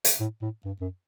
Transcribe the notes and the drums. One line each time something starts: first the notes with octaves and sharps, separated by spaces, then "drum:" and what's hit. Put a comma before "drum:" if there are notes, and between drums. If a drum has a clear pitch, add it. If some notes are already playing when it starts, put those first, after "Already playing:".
drum: hi-hat
A2
A2
G2
F#2